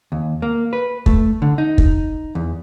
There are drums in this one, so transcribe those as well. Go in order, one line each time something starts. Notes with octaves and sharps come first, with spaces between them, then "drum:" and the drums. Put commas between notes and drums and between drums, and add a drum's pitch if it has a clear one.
D#2
A#3
B4
A3, drum: kick
D3
D#4
drum: kick
E2